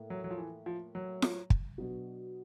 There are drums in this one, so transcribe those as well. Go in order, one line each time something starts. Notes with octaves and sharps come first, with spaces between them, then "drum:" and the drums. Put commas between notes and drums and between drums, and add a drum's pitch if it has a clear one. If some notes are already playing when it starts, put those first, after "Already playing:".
Already playing: A2 A#3
F#3
F#3
F3
E3
F3
F#3
drum: snare F4
drum: kick
B2 F#3 B3 D4 F#4